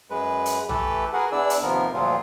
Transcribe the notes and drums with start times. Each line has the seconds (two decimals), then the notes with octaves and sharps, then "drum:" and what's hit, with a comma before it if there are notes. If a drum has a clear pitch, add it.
0.10 F#2 G#3 B4
0.46 drum: hi-hat
0.69 E3 A3 G4 A4 B4, drum: tom
1.13 F#4 G#4 A#4 B4 F#5
1.32 E2 E3 D4 E4 D5 E6
1.50 drum: hi-hat
1.62 D#2 C3 F3 B3 A#4
1.93 D2 G2 A#2 F3 F#3 F4